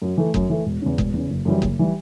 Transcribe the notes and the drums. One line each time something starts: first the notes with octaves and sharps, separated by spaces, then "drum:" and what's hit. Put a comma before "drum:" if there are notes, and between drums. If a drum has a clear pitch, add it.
F#2
E3 A3
F#2, drum: kick F#1
E3 A3
E1
E2 C#3
E1, drum: kick F#1
E2 C#3
F#1
F#2 E3 G3
F#1, drum: kick F#1
E3 G3